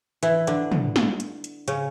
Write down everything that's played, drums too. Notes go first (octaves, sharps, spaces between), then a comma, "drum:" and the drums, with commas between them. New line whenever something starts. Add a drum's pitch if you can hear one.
E3 E4, drum: hi-hat
D3 D4, drum: hi-hat
drum: tom
drum: snare
drum: hi-hat
drum: hi-hat
C#3 C#4, drum: hi-hat